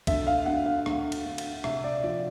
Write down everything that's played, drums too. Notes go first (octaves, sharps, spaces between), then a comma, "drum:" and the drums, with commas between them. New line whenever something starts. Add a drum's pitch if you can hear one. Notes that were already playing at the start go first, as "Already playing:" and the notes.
D2 E5, drum: kick, cymbal
F5
D2 F#5
F5
D2, drum: rim click
drum: cymbal
D2
drum: cymbal
C3 E5, drum: rim click
D5
F3 D5